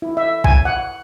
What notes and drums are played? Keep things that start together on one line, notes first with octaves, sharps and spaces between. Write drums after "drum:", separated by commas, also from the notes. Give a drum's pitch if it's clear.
E4
E5
G#5, drum: kick
F#5